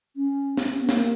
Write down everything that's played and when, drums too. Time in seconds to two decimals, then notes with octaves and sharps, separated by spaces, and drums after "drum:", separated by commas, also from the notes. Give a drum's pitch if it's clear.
0.16 C#4
0.57 drum: snare
0.73 C#4
0.81 B3
0.89 A#3, drum: snare